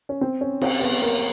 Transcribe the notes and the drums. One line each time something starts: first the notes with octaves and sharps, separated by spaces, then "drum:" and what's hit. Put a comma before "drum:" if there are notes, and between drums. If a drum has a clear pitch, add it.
C#4
C4
C#4
C4, drum: cymbal
B3
A#3